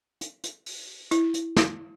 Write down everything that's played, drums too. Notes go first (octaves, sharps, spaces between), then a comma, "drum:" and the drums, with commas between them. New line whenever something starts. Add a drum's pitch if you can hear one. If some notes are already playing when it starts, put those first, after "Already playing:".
drum: hi-hat
drum: hi-hat
drum: open hi-hat
E4, drum: hi-hat
drum: hi-hat
drum: snare